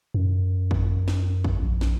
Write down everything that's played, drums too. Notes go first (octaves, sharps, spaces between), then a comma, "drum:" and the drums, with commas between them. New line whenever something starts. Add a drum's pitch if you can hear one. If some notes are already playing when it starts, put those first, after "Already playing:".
F#2
drum: kick
drum: snare
drum: kick
A#1
drum: snare